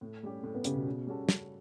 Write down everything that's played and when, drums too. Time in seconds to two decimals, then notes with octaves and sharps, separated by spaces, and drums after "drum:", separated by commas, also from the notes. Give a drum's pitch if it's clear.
0.01 A2 A3
0.23 G3 C#4 G4
0.43 A2 A3
0.55 B3
0.64 C#3 G3 C#4 G4, drum: hi-hat
0.76 B2
0.87 C#3
1.07 G3 C#4 F#4 A4
1.29 C#3, drum: snare